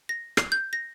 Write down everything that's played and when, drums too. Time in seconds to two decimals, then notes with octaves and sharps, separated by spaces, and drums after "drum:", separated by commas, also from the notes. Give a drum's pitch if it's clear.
0.09 A#6
0.37 C7, drum: rim click
0.52 G6
0.73 A#6